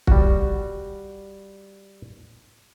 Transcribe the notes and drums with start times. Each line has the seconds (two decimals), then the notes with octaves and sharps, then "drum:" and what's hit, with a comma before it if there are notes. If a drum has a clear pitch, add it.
0.07 G3 F#4, drum: kick